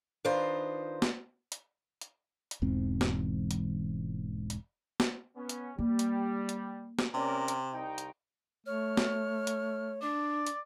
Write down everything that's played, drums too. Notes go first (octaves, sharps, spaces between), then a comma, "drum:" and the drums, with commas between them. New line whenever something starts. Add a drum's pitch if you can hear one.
D#3 D4 F4 B4 C5 D#5
drum: snare
drum: hi-hat
drum: hi-hat
drum: hi-hat
E1 E2 G#2 C4
drum: snare
drum: hi-hat
drum: hi-hat
drum: snare
B3 C#4
drum: hi-hat
G3 A#3
drum: hi-hat
drum: hi-hat
drum: snare
C3 C#4 A#4 D5
drum: hi-hat
C2 D#4 G5
drum: hi-hat
A3 C#5 F6
drum: snare
drum: hi-hat
D4 D5
drum: hi-hat